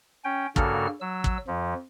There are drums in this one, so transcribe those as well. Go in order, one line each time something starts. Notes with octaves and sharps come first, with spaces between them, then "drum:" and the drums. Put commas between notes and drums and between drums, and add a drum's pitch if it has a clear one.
C#4 G5
G2 C#3 A#3 F#4 A4 F6, drum: kick
F#3 E6
drum: kick
F2 F3